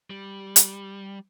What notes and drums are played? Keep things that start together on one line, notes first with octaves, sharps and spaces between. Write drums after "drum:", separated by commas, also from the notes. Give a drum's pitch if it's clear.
G3
drum: hi-hat